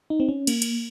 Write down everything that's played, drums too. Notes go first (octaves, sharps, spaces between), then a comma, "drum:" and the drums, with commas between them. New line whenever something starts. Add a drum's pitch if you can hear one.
D#4
C4
C#4
A#3, drum: cymbal
drum: cymbal